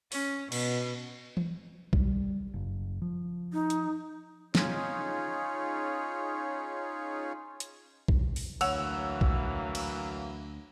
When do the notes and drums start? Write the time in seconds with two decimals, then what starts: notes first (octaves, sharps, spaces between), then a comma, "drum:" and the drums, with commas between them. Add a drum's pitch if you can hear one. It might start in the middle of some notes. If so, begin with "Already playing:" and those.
0.12 C#4, drum: open hi-hat
0.52 B2, drum: cymbal
1.37 drum: tom E3
1.93 G3, drum: kick
2.54 F#1
3.02 F3
3.53 D#4
3.70 drum: hi-hat
4.55 C#4 D#4 F4 G#4 C#5, drum: snare
7.60 drum: hi-hat
8.08 drum: kick
8.36 drum: open hi-hat
8.61 D2 E3 F#3 A#3 C#5 F#5 E6 F7, drum: cymbal
9.21 drum: kick
9.75 drum: cymbal